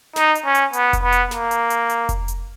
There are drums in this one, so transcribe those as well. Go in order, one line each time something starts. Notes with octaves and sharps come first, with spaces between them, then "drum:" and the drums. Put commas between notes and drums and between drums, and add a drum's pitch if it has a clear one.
D#4, drum: snare
drum: hi-hat
C#4
drum: hi-hat
B3, drum: hi-hat
drum: kick F1, hi-hat
B3
drum: hi-hat
A#3, drum: snare
drum: hi-hat
drum: hi-hat
drum: hi-hat
drum: kick F1, hi-hat
drum: hi-hat